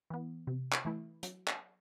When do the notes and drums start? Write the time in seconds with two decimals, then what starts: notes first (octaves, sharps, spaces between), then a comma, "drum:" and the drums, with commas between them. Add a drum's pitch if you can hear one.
0.10 E3 B3
0.47 C3
0.72 drum: clap
0.85 E3 A3 E4
1.23 F#3, drum: hi-hat
1.47 drum: clap